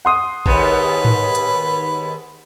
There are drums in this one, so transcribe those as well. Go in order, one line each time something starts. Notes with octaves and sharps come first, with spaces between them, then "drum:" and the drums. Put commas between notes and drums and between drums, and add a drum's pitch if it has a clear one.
F#5 C6 D#6
D#2 G#2 B3 B4, drum: kick
drum: tom G#2
drum: hi-hat